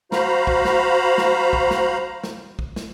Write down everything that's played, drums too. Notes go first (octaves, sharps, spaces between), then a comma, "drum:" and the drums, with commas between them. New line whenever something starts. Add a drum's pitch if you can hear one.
F#4 C5 F5 A#5 B5, drum: snare
drum: kick
drum: snare
drum: snare
drum: kick
drum: snare
drum: snare
drum: kick
drum: snare